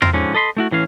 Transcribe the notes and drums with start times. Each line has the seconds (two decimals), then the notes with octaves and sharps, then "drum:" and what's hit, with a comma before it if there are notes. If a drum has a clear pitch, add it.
0.02 C4 F4 A#4, drum: tom E2
0.13 G#2 D3 F3 C#4
0.35 A4 D#5 B5 C6
0.57 A3 E4 F#4
0.72 A2 E3 C#4 F5